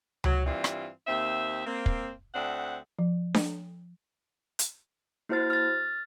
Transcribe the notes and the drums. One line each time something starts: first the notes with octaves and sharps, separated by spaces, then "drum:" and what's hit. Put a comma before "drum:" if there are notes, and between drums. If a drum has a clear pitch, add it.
F#3, drum: tom C#2
G2 E3 G3 C4 F4
drum: rim click
D#2 C4 E5
A#3 C4
drum: kick
D2 C4 D4 F#5
F3
drum: snare D4
drum: hi-hat
A#3 E4 F#4 C5 F6 A6
F6 A6